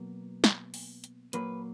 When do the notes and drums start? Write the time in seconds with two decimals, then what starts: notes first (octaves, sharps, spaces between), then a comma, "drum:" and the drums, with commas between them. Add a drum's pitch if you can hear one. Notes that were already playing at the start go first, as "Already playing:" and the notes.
Already playing: B2 F#3 A#3
0.44 drum: snare
0.74 drum: open hi-hat
1.04 drum: hi-hat
1.33 A#2 F#3 A#3 B4, drum: hi-hat